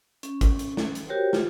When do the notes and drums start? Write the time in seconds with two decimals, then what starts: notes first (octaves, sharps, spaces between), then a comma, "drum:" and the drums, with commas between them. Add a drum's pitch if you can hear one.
0.23 C#4, drum: hi-hat
0.41 drum: kick, hi-hat
0.59 drum: hi-hat
0.77 drum: snare
0.95 drum: hi-hat
1.08 F#4 G4 A#4 C5 C#5 G5
1.33 F4, drum: snare